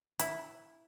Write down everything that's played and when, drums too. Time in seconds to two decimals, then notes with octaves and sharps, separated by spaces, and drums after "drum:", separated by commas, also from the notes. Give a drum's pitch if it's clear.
0.19 E4, drum: hi-hat